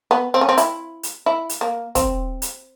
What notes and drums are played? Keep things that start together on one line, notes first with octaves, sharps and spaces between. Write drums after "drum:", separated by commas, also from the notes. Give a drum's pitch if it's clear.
B3
C4
C#4
C4
E4, drum: hi-hat
drum: hi-hat
E4
drum: hi-hat
A#3
C4, drum: kick, hi-hat
drum: hi-hat